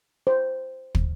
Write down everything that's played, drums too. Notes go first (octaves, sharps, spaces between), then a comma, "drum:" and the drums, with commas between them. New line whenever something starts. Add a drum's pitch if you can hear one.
C5
drum: kick